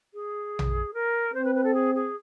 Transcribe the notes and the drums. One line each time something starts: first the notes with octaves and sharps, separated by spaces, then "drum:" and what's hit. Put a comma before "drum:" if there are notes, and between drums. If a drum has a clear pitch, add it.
G#4
drum: tom A#1
A#4
C4 C5
B4
B4
A4
G#4
G#4